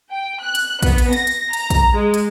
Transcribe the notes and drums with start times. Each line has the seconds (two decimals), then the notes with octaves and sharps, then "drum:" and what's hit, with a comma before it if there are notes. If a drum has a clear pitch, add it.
0.12 G5
0.43 F#6
0.55 drum: hi-hat
0.83 B3, drum: kick A#1, hi-hat
0.98 drum: hi-hat
1.13 A#6, drum: hi-hat
1.27 drum: hi-hat
1.53 A#5, drum: hi-hat
1.70 drum: kick A#1, hi-hat
1.93 G#3
2.14 drum: hi-hat